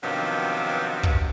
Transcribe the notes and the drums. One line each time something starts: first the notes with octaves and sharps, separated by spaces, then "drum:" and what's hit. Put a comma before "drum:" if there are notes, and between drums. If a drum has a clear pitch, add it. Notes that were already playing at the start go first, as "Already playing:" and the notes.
G2 C3 D#3 F3 F#3 B3
drum: kick